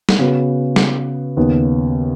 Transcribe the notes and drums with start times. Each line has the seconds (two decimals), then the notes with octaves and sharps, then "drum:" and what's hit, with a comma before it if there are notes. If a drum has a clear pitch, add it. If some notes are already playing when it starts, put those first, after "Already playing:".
0.09 drum: snare
0.19 C#3 B3 F#4 B4
0.76 drum: snare
1.37 D#2 C#3 B3